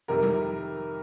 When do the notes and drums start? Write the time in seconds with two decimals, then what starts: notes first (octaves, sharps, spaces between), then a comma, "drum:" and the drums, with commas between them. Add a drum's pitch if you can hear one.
0.08 F2 C3 D#3 G3 A#4
0.23 drum: tom G3